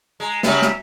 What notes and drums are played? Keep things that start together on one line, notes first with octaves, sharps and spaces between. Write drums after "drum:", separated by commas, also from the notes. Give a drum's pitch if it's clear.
G#3 A#5
C#3 G3 B3 E5 A#5, drum: snare
drum: snare